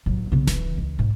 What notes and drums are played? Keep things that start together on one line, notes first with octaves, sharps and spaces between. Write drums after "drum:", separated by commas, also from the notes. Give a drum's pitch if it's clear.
A1 F#3
C#3 B3
E3, drum: snare D1
C#2
G#2